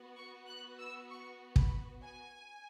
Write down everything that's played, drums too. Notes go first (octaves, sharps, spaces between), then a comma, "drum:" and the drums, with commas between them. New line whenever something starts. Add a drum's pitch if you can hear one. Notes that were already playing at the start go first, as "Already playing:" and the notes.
Already playing: B3 F#4
C#6
F#6
E6
C#6
B5, drum: kick
G#5